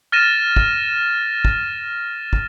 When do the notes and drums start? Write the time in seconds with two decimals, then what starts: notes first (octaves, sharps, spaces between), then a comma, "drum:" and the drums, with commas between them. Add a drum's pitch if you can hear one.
0.12 F6 A6 A#6 D#7 E7
0.56 drum: kick
1.45 drum: kick
2.33 drum: kick